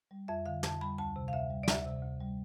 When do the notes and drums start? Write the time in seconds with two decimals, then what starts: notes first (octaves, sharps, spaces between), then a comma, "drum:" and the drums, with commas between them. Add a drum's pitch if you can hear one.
0.11 G3
0.28 F2 E5
0.46 D3 F5
0.63 F2 A5, drum: snare
0.81 G3 B5
0.98 D2 A5
1.16 C3
1.28 F5
1.33 D2 E5
1.50 G3
1.63 D5
1.68 D2 E5, drum: snare
1.85 C3
2.03 D2
2.20 G3